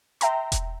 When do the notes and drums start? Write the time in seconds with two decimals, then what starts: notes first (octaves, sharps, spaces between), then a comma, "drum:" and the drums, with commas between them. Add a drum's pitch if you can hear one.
0.21 E5 G5 A#5 C6, drum: hi-hat
0.52 drum: kick E1, hi-hat